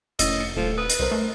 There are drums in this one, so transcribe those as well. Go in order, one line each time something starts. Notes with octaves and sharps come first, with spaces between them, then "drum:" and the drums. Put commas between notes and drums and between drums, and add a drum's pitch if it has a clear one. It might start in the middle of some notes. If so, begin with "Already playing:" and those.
F1 A2 C#4 D#5 E6, drum: hi-hat
C#7
D#1 F3 A3
B4 D#6
drum: hi-hat
C2 A#4 C5
A3